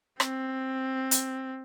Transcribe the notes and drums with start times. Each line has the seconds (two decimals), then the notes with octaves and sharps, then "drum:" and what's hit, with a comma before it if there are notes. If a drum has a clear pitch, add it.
0.20 C4, drum: rim click
1.11 drum: hi-hat